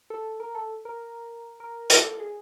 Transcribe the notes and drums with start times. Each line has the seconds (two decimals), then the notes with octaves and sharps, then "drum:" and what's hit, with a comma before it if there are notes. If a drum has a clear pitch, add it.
0.10 A4
0.40 A#4
0.55 A4
0.85 A#4
1.60 A#4
1.90 A4, drum: hi-hat
2.20 G#4